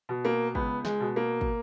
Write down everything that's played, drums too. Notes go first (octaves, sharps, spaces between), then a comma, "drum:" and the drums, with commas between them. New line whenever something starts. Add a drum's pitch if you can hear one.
B2
A#3
C#2 B3, drum: kick
G#3, drum: snare
B2
A#3
drum: kick